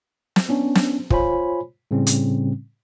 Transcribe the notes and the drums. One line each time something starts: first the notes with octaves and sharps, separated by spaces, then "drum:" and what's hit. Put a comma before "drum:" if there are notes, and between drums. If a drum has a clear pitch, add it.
drum: snare
B3 C#4 D4
drum: snare
F4 C5 C#5 G#5 B5, drum: kick
A2 C#3 G3 C4 C#4
drum: hi-hat